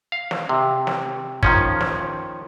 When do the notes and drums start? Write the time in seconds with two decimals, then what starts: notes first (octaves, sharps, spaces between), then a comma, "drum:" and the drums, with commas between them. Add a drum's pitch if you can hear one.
0.12 F5
0.31 drum: snare
0.49 C3
0.87 drum: snare
1.43 D#3 F3 C#4, drum: kick
1.81 drum: snare